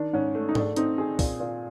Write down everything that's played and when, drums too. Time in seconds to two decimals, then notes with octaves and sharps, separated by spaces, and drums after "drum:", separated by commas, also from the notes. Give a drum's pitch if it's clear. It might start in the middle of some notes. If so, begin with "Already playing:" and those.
Already playing: D#3 D4
0.13 G#2 C#4
0.35 A3
0.49 D#4
0.55 A3 D4, drum: tom G#2
0.76 C4 D#4, drum: hi-hat
0.98 C4 G#4
1.19 A#2, drum: kick, open hi-hat
1.40 A#2